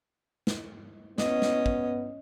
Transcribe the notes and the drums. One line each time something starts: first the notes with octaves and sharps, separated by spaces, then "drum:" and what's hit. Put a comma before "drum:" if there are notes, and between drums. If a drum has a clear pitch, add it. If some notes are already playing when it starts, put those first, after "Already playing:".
drum: snare
B3 C#4 D#5, drum: snare
drum: snare
drum: kick